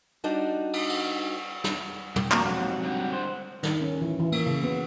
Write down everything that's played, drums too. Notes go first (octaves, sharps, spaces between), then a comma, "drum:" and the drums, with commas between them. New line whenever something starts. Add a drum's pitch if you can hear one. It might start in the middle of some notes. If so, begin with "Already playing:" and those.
G3 D4 D#4 F#4
drum: cymbal
drum: cymbal
drum: snare
G2, drum: tom
F2 B2 A#3 D4 A#5 C#6, drum: clap
G#2 C3 F#3 F#5
D3 G3
C5
D#3, drum: snare
C#4
E3
E3
A#3, drum: cymbal
C#3
B3